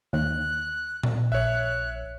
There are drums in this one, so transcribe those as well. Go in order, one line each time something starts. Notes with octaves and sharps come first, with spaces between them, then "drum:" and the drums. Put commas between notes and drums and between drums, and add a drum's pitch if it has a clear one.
D#2 F#6
drum: tom A#2
A#1 C#5 E5 F#6